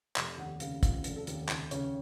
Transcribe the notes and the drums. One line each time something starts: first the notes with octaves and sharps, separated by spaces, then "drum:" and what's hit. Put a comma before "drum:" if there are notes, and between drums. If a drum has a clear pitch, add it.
F1, drum: clap
D#2 F#5
C#3 F5, drum: hi-hat
F3 F5, drum: kick, hi-hat
F1, drum: hi-hat
A4
D#2, drum: hi-hat
C#2, drum: clap
C#3 C#5, drum: hi-hat